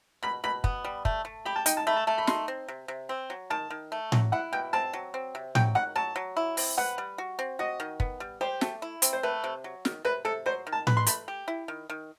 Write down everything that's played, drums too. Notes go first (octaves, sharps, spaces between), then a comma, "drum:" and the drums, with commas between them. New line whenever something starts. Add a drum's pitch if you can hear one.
B2 B5
B2 B5
B3, drum: kick
G3
A3, drum: kick
A3
G4 B5
A5
D#4 G5, drum: hi-hat
A5
A3 B5
A5
A3 A5
B5
D#4 C6, drum: snare
C4
C3
C3
C4
F#3
D#3 A5
D#3
A3
F#3, drum: tom A2
E4 F#5
B2 G5
C4 A5
F#3
C4
C3
F#3 G5, drum: tom A2
D#3 F#5
F#3 A5
F#3
E4
C4, drum: open hi-hat
B4 F#5
G3
F#4
C4
F#4 D#5
D#3
B3, drum: kick
G3
G4 C5
A3, drum: snare
E4
C4, drum: hi-hat
C5
A3 B4
C3
F#3
D#3, drum: snare
C3 B4
C3 A4
F#3 C5
D#3
A5
B4, drum: tom A2
C6
A3 B5, drum: hi-hat
G4
E4
D#3
D#3